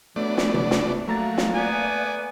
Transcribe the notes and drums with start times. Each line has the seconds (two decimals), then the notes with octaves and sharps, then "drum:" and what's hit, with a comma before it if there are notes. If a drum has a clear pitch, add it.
0.16 F#3 A3 B3 D4 D5
0.38 drum: snare
0.54 drum: tom C3
0.71 drum: snare
1.08 F#3 A3 A#3 A#5 A6
1.38 drum: snare
1.54 B3 D5 G#5